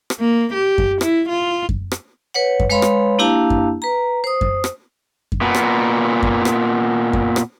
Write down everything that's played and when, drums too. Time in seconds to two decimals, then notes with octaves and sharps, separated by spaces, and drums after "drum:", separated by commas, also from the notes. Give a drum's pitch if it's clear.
0.10 drum: rim click
0.20 A#3
0.54 G4
0.78 drum: kick F#2
1.01 E4, drum: rim click
1.29 F4
1.69 drum: kick F#2
1.92 drum: rim click
2.34 B4 C#5 F#5
2.60 drum: kick F#2
2.70 G#3 B4 C#5 F5 B5 C6
2.82 drum: rim click
3.19 A#3 D4 E4 G4 F5 A5
3.50 drum: kick F#2
3.82 B4 A#5
4.24 C5 D#6
4.41 drum: kick F#2
4.64 drum: rim click
5.32 drum: kick F#2
5.41 A#2 B3
5.55 drum: rim click
6.23 drum: kick F#2
6.45 drum: rim click
7.13 drum: kick F#2
7.36 drum: rim click